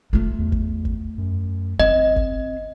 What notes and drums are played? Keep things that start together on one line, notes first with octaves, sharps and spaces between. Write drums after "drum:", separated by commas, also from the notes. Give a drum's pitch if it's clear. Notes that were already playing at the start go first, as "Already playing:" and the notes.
A3 F4
E2
drum: kick G1
drum: kick G1
F#2
G1 C4 D#5
drum: kick G1